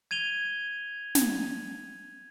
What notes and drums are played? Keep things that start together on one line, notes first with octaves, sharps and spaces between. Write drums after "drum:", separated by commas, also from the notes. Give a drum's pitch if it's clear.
G#6 D#7 F7 G7
drum: snare